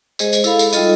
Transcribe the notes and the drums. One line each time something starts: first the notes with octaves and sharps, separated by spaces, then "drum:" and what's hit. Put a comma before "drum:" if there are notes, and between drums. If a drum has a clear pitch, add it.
G#3 G#4 C5 D#5, drum: tambourine
drum: tambourine
E4 A4 F5 B5, drum: tambourine
drum: tambourine
G3 D#4 F4 A4 D#5, drum: tambourine